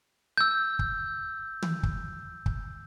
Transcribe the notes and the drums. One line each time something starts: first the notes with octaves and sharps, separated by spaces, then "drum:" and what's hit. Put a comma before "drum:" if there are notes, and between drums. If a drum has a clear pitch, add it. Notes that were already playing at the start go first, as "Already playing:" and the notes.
E6 G6
drum: kick
drum: tom
drum: kick
drum: kick